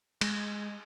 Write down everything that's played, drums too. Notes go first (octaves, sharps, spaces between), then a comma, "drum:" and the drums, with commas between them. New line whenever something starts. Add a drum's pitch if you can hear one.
G#3, drum: cymbal